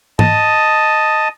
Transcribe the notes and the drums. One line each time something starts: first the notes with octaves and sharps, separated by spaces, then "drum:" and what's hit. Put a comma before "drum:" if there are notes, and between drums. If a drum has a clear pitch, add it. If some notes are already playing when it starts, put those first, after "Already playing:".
D#5 A5 D#6, drum: tom G#2